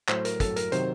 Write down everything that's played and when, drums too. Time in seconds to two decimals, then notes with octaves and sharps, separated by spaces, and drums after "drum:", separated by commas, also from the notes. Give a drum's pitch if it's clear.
0.08 A2 F#3 C5, drum: clap
0.25 A#4, drum: hi-hat
0.40 A2 F#3 A4, drum: kick, hi-hat
0.56 A#4, drum: hi-hat
0.72 C3 D#3 F#3 C5, drum: hi-hat